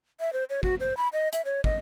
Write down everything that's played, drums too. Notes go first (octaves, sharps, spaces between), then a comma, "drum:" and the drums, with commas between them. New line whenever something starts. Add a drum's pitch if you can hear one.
E5
C5
C#5
F#4, drum: kick
C5
B5
D#5
E5, drum: hi-hat
C#5
D#5, drum: kick